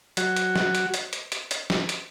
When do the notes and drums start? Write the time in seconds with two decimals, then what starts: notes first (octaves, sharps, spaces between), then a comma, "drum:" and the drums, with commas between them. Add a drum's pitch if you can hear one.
0.17 F#3 F#4, drum: hi-hat
0.36 drum: hi-hat
0.56 drum: snare
0.75 drum: hi-hat
0.94 drum: hi-hat
1.13 drum: hi-hat
1.32 drum: hi-hat
1.51 drum: hi-hat
1.70 drum: snare
1.89 drum: hi-hat